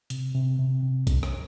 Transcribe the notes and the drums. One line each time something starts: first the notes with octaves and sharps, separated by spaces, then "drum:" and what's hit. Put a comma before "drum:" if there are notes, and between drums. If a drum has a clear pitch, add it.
C3, drum: hi-hat
C3
C3
C3
drum: kick A#1, hi-hat
drum: rim click